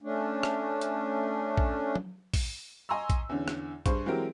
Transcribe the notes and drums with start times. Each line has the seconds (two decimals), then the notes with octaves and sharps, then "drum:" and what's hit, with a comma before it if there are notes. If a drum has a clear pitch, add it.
0.01 A3 C#4 D4
0.43 drum: rim click
0.81 drum: hi-hat
1.57 drum: kick A#1
1.96 drum: tom F#3
2.34 drum: kick A#1, open hi-hat
2.89 D#5 G#5 A#5 C6 C#6 E6
3.10 drum: kick A#1, hi-hat
3.29 E2 D3 C#4
3.48 drum: rim click
3.86 G2 G#4 C5 C#6, drum: kick A#1, hi-hat
4.06 E3 F#3 G#3 C4 G4 A#4